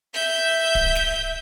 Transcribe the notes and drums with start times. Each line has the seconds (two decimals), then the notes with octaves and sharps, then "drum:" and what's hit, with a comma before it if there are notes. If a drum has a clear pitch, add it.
0.14 E5 G6
0.75 drum: kick D1
0.95 drum: snare